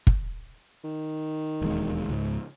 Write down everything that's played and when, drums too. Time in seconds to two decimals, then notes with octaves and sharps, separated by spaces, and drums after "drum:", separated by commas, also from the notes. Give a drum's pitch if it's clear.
0.07 drum: kick
0.84 D#3
1.61 E1 D#2 G#3
2.09 C#2 G#2